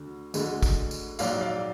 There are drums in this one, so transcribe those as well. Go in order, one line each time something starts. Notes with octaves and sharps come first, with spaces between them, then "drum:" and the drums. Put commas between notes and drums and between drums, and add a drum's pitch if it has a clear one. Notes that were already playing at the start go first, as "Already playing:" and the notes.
Already playing: D2 D3
D2 D3 G#3, drum: tambourine
drum: kick, tambourine
drum: tambourine
A#1 G#2 F#3 D5 F5, drum: tambourine
D5 F5